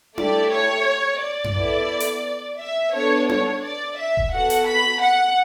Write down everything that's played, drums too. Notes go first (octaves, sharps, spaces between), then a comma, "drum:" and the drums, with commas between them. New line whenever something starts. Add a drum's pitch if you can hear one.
A3 E4 G4 D5, drum: tom D4
C#5
D5
drum: tom F#2
B3 E4 A4
drum: hi-hat
E5
B3 D4 A4 C#5
C#5, drum: tom D4
D5
E5
drum: kick D#1
B3 F#4 A4 F#5
drum: hi-hat
B5
F#5